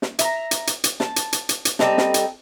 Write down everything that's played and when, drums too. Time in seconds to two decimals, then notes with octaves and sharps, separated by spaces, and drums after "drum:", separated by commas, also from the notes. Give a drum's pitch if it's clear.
0.02 drum: snare
0.19 E5 A#5, drum: hi-hat
0.51 drum: hi-hat
0.67 drum: hi-hat
0.84 drum: hi-hat
1.00 A5, drum: snare
1.16 drum: hi-hat
1.33 drum: hi-hat
1.49 drum: hi-hat
1.65 drum: hi-hat
1.79 G3 C4 D#4 A4, drum: snare
1.98 drum: snare
2.14 drum: hi-hat